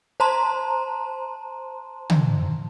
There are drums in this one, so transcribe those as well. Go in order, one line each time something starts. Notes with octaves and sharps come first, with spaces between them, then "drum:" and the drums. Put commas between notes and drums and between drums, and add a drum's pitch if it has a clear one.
C5 A5 A#5 C6
drum: tom